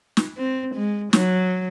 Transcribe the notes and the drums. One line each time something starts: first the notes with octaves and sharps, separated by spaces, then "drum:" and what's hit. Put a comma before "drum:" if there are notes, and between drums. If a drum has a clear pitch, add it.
drum: snare
C4
G#3
F#3, drum: snare